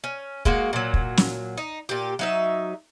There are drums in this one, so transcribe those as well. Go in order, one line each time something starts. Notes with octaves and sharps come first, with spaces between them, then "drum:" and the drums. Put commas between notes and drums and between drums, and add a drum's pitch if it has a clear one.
C#4
G#3 A#3 F#4, drum: kick
A#2 F#3
drum: kick
drum: snare
D#4
A#2 G4
F#3 D#4 E5